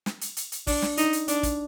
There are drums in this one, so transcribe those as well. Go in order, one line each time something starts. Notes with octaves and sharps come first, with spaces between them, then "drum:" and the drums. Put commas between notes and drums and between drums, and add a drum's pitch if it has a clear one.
drum: snare
drum: hi-hat
drum: hi-hat
drum: hi-hat
D4, drum: kick, open hi-hat
drum: snare
D#4, drum: hi-hat
drum: hi-hat
D4, drum: hi-hat
drum: kick, hi-hat